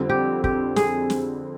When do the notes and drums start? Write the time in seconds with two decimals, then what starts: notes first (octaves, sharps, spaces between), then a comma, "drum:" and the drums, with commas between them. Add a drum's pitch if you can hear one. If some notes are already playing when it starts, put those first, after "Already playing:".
Already playing: F2 D3 G3 C4
0.09 G4
0.44 G4, drum: kick
0.76 G#4, drum: snare
1.10 drum: snare